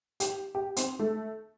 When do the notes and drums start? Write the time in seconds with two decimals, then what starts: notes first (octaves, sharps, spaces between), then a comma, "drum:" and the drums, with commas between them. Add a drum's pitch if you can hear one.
0.20 G4, drum: hi-hat
0.55 G4
0.77 C4, drum: hi-hat
0.99 A3